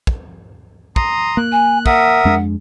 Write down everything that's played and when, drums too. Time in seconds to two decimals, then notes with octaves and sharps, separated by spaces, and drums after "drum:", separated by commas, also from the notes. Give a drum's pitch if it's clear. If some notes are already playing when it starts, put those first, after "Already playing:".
0.07 drum: kick
0.96 A#5 C6 D#6, drum: kick
1.37 A#3 F#6
1.52 G#5
1.86 A#4 E5 F#5 D#6, drum: kick
2.25 F2 G#3 D4